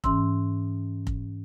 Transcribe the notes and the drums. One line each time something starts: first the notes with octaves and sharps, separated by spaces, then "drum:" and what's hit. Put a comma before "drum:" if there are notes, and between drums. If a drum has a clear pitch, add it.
G#2 E3 C#4 C6 E6, drum: kick F1
drum: kick F1